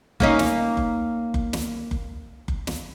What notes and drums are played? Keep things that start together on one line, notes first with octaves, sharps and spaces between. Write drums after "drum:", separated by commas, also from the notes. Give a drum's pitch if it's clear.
A#3 C#4 D#4, drum: kick F#1
drum: snare
drum: kick F#1
drum: kick F#1
drum: snare
drum: kick F#1
drum: kick F#1
drum: snare